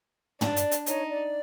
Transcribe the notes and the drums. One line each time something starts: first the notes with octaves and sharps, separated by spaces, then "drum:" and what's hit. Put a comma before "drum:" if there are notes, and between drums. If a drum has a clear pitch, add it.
D4 D5, drum: tom
drum: hi-hat
drum: hi-hat
D#4 C#5, drum: hi-hat
D5